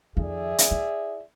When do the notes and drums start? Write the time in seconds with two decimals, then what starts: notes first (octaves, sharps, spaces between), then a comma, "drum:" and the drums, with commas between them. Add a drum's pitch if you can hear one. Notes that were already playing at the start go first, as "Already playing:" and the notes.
0.17 F2 D#3 G#4 D5 E5
0.58 drum: hi-hat
0.71 E4